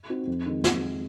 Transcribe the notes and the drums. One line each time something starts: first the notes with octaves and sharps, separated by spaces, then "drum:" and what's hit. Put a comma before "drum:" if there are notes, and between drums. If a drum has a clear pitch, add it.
C4 D#4 F#4
F2
D#3 G#3
drum: snare